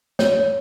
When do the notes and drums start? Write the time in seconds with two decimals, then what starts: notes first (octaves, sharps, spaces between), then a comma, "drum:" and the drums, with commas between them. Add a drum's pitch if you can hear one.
0.19 C#5, drum: snare